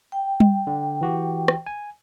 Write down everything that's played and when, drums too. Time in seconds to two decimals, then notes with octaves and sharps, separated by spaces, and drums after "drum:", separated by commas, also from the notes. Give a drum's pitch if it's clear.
0.12 G5
0.40 drum: tom G3
0.67 D3
1.01 E3 F#4 G4
1.48 drum: rim click
1.66 G#5